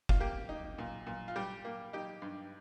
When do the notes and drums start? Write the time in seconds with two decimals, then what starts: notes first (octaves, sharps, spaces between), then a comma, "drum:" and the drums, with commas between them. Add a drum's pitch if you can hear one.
0.09 F4, drum: kick F1
0.20 A#3 G4
0.49 D#4
0.78 A#2
1.07 A#2
1.28 F4
1.36 G3 G4
1.65 A#3
1.93 D#4 G4
2.22 G2